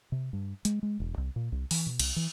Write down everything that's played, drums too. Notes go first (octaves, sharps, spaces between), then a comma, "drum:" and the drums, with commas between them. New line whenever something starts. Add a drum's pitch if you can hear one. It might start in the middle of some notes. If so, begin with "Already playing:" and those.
C3
G2
G#3, drum: hi-hat
G#3
E1
C2
A#2
C2
E3, drum: open hi-hat
B2
C2, drum: cymbal
E3